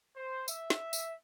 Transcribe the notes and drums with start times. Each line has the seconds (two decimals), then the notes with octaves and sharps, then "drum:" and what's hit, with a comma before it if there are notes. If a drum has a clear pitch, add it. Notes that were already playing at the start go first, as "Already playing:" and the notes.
0.16 C5
0.48 E5, drum: tambourine
0.70 drum: snare
0.93 drum: tambourine